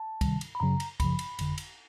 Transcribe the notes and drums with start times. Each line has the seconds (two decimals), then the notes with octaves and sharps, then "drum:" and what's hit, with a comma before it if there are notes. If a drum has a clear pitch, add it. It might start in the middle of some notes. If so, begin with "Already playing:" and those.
Already playing: A5
0.21 C#2 C3 D#3 G3, drum: kick, cymbal
0.41 drum: cymbal
0.55 B5
0.60 F#2 C#3 F#3 A#5
0.80 drum: cymbal
1.00 G1 F#2 C#3 F3 B5, drum: kick, cymbal
1.19 drum: cymbal
1.39 G1 F2 D3, drum: cymbal
1.58 drum: cymbal